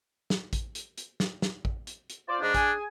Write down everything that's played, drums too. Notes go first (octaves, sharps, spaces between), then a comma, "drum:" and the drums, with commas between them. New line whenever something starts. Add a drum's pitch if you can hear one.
drum: snare
drum: kick A1, hi-hat
drum: hi-hat
drum: hi-hat
drum: snare
drum: snare
drum: kick A1
drum: hi-hat
drum: hi-hat
F4 C5 D5
G#2 G#3 D4
G#4 G#5, drum: kick A1, hi-hat